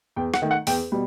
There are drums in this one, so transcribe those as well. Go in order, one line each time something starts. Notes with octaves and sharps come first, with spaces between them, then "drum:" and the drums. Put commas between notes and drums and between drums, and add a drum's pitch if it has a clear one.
E2 G5
F#5, drum: rim click
D#3 A3
F#5
E2 G5, drum: open hi-hat
B2 G3